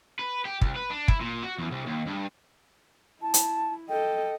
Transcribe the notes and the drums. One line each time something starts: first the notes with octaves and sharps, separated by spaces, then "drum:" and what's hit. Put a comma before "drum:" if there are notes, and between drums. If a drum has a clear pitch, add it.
B4
G4
C2, drum: kick
B4
D4
E4, drum: kick
A#2
F#4
E2
C2
D#2
G2
E4 A5
drum: hi-hat
A4 D#5 G5